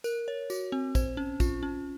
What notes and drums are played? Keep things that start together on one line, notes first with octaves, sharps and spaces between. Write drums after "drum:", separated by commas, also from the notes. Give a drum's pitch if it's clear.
A#4, drum: tambourine
C#5
F#4, drum: tambourine
C4
C5, drum: kick, tambourine
C#4
F4, drum: kick, tambourine
C#4